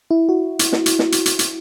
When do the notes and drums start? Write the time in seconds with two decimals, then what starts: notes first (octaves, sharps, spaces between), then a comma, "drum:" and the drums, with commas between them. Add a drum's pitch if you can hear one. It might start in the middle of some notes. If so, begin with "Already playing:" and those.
0.11 E4
0.29 F#4
0.59 drum: hi-hat
0.72 drum: snare
0.86 drum: hi-hat
0.99 drum: snare
1.12 drum: hi-hat
1.26 drum: hi-hat
1.39 drum: hi-hat